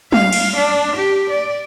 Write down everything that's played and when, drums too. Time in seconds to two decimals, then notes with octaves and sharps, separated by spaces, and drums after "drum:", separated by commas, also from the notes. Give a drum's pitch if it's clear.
0.12 F5, drum: tom
0.33 drum: cymbal
0.56 D4
0.96 G4
1.30 D5